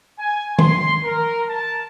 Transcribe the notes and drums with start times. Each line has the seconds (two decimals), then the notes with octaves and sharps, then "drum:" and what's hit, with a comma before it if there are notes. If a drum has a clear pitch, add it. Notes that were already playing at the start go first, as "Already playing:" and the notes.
0.19 G#5
0.59 C6, drum: tom D#3
1.04 A#4
1.49 A5